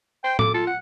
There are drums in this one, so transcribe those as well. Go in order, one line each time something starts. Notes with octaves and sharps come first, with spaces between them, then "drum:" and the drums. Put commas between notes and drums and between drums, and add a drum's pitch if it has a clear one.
C5 G5
A4 D6, drum: tom
F4 A4
F#5